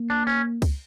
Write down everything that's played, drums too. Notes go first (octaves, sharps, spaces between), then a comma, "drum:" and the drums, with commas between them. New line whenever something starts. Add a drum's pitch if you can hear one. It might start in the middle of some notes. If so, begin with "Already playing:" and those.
Already playing: A#3
D4
C#4
drum: kick C#2, cymbal